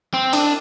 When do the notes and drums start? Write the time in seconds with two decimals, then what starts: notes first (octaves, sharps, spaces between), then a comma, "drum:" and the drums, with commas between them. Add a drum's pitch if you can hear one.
0.14 C4
0.33 D4, drum: cymbal